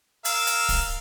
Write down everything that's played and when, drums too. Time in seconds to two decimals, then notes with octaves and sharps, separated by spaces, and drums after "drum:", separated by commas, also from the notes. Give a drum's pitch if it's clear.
0.25 A#4 F5 E6, drum: hi-hat
0.47 drum: hi-hat
0.69 drum: kick D1, open hi-hat